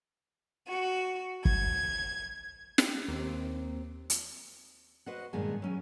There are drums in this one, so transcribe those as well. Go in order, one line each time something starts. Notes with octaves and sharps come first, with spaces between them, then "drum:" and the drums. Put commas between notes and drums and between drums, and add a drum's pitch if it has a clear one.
F#4
G#6, drum: kick
drum: snare
D#2 A#3 C4
drum: hi-hat
F#4 B4 C5 D#5 F#5
G2 A#2 D#3 G#3 B3 G#5
F#3 C#4 G#5